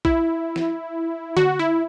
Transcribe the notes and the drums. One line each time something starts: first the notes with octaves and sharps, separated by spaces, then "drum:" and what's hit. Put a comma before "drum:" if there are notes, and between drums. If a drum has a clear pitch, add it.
E4, drum: kick
drum: snare
F#4, drum: tom D3
E4